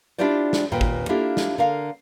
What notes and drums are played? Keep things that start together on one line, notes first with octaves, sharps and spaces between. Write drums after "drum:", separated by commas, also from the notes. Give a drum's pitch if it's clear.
D4 E4 F4 G4 C5 D5
drum: snare
D#2 A#2 B4 G5
drum: kick G#1
A#3 D4 E4 F4 G4 A4
drum: snare
D3 A#4 F5